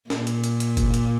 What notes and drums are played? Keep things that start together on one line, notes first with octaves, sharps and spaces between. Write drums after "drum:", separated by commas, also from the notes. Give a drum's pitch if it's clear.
A#2, drum: snare
drum: hi-hat
drum: hi-hat
drum: hi-hat
drum: kick F#1, hi-hat
drum: hi-hat